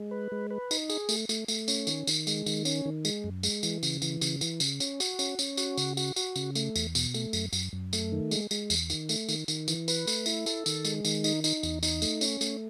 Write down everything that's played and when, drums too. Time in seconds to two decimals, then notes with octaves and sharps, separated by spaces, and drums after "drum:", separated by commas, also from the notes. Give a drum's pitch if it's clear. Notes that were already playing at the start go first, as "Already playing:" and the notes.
Already playing: G#3
0.11 B4
0.32 G#3
0.50 B4
0.71 D#4, drum: tambourine
0.89 G#4, drum: tambourine
1.09 A3, drum: tambourine
1.29 A3, drum: tambourine
1.48 A3, drum: tambourine
1.68 C#4, drum: tambourine
1.87 D#3, drum: tambourine
2.07 D#3, drum: tambourine
2.27 G#3, drum: tambourine
2.46 D#3, drum: tambourine
2.65 C#4, drum: tambourine
2.85 D#3
3.05 G#3, drum: tambourine
3.24 F#2
3.43 G#3, drum: tambourine
3.63 E3, drum: tambourine
3.83 C#3, drum: tambourine
4.02 E3, drum: tambourine
4.21 C#3, drum: tambourine
4.41 E3, drum: tambourine
4.60 C#3, drum: tambourine
4.80 C#4, drum: tambourine
5.00 F#4, drum: tambourine
5.19 C#4, drum: tambourine
5.39 C#4, drum: tambourine
5.57 F#4, drum: tambourine
5.78 C#3, drum: tambourine
5.97 F#4, drum: tambourine
6.16 F#4, drum: tambourine
6.35 C#3, drum: tambourine
6.55 A3, drum: tambourine
6.76 E2, drum: tambourine
6.95 B2, drum: tambourine
7.14 A3, drum: tambourine
7.33 F#2, drum: tambourine
7.53 F#2, drum: tambourine
7.73 F#2
7.93 A3, drum: tambourine
8.12 D#3
8.31 G#3, drum: tambourine
8.51 G#3, drum: tambourine
8.70 E2, drum: tambourine
8.90 D#3, drum: tambourine
9.09 A3, drum: tambourine
9.29 D#3, drum: tambourine
9.48 D#3, drum: tambourine
9.68 E3, drum: tambourine
9.88 B4, drum: tambourine
10.07 A3, drum: tambourine
10.26 E4, drum: tambourine
10.46 A4, drum: tambourine
10.66 D#3, drum: tambourine
10.85 G#3, drum: tambourine
11.05 D#3, drum: tambourine
11.24 D#4, drum: tambourine
11.44 D#4, drum: tambourine
11.63 E2, drum: tambourine
11.83 D#4, drum: tambourine
12.02 A3, drum: tambourine
12.21 C#4, drum: tambourine
12.41 A3, drum: tambourine